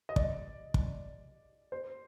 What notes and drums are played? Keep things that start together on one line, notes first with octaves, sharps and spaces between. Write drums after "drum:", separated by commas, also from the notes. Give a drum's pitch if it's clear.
D#5
D5, drum: kick
drum: kick
C5